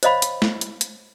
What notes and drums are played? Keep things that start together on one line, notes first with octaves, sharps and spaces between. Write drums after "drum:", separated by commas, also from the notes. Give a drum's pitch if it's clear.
C5 C#5 D#5 F5 B5, drum: hi-hat
drum: hi-hat
drum: snare
drum: hi-hat
drum: hi-hat